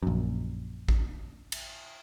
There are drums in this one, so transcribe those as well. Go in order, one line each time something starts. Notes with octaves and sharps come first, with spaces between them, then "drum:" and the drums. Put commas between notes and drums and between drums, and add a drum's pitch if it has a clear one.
A#1 F#2
drum: kick A1
drum: cymbal